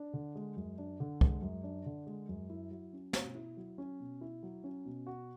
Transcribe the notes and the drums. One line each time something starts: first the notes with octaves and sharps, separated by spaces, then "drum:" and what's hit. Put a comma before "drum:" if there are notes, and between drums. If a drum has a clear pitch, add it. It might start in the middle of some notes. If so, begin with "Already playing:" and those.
Already playing: D4
D3
G#3
F#2
D4
D3
G#3, drum: kick C2
F#2
D4
D3
G#3
F#2
E4
F#3
C#4
B2, drum: snare
E4
F#3
C#4
B2
E4
F#3
C#4
B2
F#4